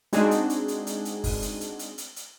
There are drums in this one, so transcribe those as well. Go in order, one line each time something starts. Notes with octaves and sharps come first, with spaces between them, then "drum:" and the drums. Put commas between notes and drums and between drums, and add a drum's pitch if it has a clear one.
G#3 C4 D4 D#4 F#4 G#4, drum: hi-hat
drum: hi-hat
drum: hi-hat
drum: hi-hat
drum: hi-hat
drum: hi-hat
drum: kick, open hi-hat
drum: hi-hat
drum: hi-hat
drum: hi-hat
drum: hi-hat
drum: hi-hat